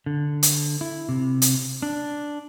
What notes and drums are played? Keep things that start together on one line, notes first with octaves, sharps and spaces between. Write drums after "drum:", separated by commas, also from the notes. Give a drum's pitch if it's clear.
D3
drum: hi-hat
E4
C3
drum: hi-hat
D4